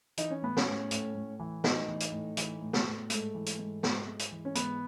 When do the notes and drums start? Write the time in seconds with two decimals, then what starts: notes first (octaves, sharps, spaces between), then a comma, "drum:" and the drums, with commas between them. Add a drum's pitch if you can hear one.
0.17 E3 D#4, drum: hi-hat
0.30 C#4
0.42 A2 B3
0.57 C#4, drum: snare
0.67 A2
0.91 A2, drum: hi-hat
1.15 A2
1.40 E3
1.64 A2 D#4, drum: snare
1.88 E3
2.00 drum: hi-hat
2.12 A2
2.37 E3, drum: hi-hat
2.61 A2
2.73 drum: snare
2.85 A2
3.10 G#2 A3, drum: hi-hat
3.34 E3
3.46 drum: hi-hat
3.59 G#2
3.83 G#2, drum: snare
4.08 G#2
4.19 drum: hi-hat
4.32 E3
4.45 C#4
4.55 G#2 B3, drum: hi-hat